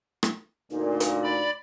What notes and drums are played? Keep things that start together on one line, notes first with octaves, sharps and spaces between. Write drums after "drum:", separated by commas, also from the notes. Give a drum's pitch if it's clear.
drum: rim click
D2 A#2 D#4
drum: hi-hat
D5 B5